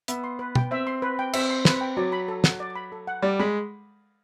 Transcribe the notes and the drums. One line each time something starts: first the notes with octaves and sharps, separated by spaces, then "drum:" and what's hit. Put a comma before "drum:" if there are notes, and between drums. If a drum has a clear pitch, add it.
B3 E5, drum: hi-hat
C6
B4
G5, drum: tom
C4 E5
C6
B4
G5
C4 E5, drum: cymbal
C6
B4, drum: snare
G5
F#3 D5
B5
A4
F#5, drum: snare
D5
B5
A4
F#5
G3 D5
G#3 B5